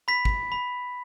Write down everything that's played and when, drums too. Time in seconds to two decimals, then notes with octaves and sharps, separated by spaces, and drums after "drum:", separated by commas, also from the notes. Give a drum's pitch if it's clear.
0.08 B5 B6
0.25 drum: kick
0.52 B5